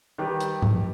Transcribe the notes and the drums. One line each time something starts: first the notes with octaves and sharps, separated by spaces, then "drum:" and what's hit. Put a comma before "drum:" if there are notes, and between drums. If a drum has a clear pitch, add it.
D#3 G3 G4 B4
drum: hi-hat
drum: tom